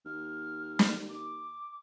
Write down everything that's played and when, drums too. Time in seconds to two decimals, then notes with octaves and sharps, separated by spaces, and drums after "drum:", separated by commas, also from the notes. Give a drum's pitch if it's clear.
0.06 D#2 F6
0.79 drum: snare
1.10 D6